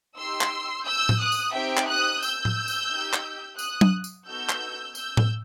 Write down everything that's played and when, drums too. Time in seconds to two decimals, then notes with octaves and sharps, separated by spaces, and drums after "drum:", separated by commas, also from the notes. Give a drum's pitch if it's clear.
0.18 D#4 G4 C6 E6
0.41 drum: clap
0.86 E6 G6
1.09 drum: tom A2
1.20 D#6 F#6
1.32 drum: tambourine
1.54 C4 D#4 G4 E5 G5
1.77 drum: clap
1.88 D#6 F#6
2.23 E6 G6, drum: tambourine
2.45 drum: tom A2
2.68 drum: tambourine
2.90 D#4 G4
3.13 drum: clap
3.59 D#6 F#6, drum: tambourine
3.81 drum: tom F#3
4.04 drum: tambourine
4.27 B3 D#4 F#4 A4 E6 G6
4.49 drum: clap
4.95 E6 G6, drum: tambourine
5.17 drum: tom A2